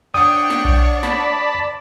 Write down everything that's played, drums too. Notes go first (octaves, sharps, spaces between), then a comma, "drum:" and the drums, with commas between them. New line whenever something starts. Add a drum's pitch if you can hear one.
D4 C#5 D5 F#5 G5 D#6
drum: snare
drum: kick B1
A5 B5, drum: snare